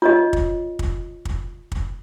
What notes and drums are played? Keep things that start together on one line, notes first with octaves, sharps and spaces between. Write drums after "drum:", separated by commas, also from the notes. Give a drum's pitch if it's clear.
F4 C#5 D#5
drum: kick
drum: kick
drum: kick
drum: kick